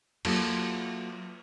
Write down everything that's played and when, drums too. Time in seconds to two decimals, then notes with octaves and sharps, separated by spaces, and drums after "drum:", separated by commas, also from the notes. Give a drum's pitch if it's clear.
0.25 F#3 A#3 F4 G4 A4, drum: cymbal